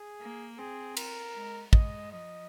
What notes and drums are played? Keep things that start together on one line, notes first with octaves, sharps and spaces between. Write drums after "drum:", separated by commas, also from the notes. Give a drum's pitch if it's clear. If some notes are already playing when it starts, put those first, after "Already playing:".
Already playing: G#4
A#3
C4 G#4
A#4, drum: cymbal
G#3
G#3 D#5, drum: kick
F3 D#5